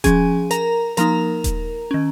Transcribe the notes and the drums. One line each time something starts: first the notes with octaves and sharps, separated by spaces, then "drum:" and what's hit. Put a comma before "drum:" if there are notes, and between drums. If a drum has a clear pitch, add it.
F3 C#4 G#4 G#5, drum: kick D#1, hi-hat
A#4 A#5, drum: hi-hat
F3 A#3 D#4 A#4 A#5, drum: hi-hat
drum: kick D#1, hi-hat
D#3 C#4